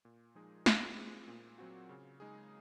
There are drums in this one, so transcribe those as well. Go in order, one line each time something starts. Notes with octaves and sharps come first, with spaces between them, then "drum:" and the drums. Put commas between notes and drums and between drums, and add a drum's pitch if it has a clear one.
A#2
F3 G#3 D#4 G#4
G#3, drum: snare
C4 F4 G#4
A#2
F#3 C4 F#4
C#3
G#3 D#4 G#4